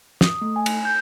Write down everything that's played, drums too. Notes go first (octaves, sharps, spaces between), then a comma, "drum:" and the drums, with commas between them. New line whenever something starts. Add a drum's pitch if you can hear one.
D#6, drum: snare
A3
G#5
drum: cymbal
G6